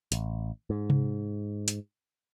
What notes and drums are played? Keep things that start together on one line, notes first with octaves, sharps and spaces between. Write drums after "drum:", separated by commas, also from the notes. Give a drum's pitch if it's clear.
A1, drum: hi-hat
G#2
drum: tom C3
drum: hi-hat